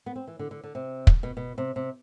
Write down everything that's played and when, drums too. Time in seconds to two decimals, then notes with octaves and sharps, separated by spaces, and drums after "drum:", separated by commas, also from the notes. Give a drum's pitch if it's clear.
0.06 B3
0.16 C4
0.27 E3
0.39 D3
0.51 D3
0.64 D3
0.75 C3
1.07 drum: kick
1.23 B2
1.37 B2
1.58 C3
1.76 C3